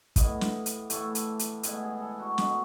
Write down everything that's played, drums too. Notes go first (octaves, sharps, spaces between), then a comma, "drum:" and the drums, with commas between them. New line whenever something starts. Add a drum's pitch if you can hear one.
A2 E3 B3 D#5, drum: kick, hi-hat
drum: snare
drum: hi-hat
A2 E3 A3 A4, drum: hi-hat
drum: hi-hat
drum: hi-hat
A2 G#3 B3, drum: hi-hat
G#4
A4
F#4
B2 A3 B3, drum: snare